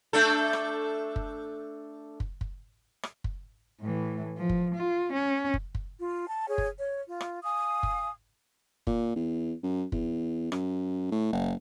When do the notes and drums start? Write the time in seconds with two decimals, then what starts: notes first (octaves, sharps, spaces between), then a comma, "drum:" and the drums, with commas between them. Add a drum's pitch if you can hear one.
0.13 A3 D4 A4
0.53 drum: rim click
1.16 drum: kick
2.20 drum: kick
2.41 drum: kick
3.03 drum: rim click
3.24 drum: kick
3.81 A2 E3
4.38 F3
4.49 drum: kick
4.75 F4
5.13 C#4
5.54 drum: kick
5.75 drum: kick
5.99 F4
6.28 A5
6.48 G#4 C#5
6.58 drum: kick
6.79 C#5
7.07 F4
7.21 drum: rim click
7.44 F5 G#5 D#6
7.83 drum: kick
8.87 A#2, drum: kick
9.16 E2
9.63 F#2
9.92 E2, drum: kick
10.52 F#2, drum: rim click
11.11 A2
11.33 F#1